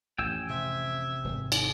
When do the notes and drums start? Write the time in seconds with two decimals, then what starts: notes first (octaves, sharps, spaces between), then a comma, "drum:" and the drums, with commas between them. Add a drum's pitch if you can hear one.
0.18 A1 F2 G5 G#5 E6
0.49 C3 E5
1.24 D1 G#1
1.52 drum: cymbal